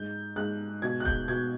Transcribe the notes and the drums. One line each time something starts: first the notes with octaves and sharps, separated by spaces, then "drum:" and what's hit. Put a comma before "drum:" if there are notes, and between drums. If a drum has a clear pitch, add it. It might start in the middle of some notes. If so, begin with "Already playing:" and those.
Already playing: G#2 G6
G#2 F#6
B2 G#6
F#6
G6, drum: kick D#1
B2 G#6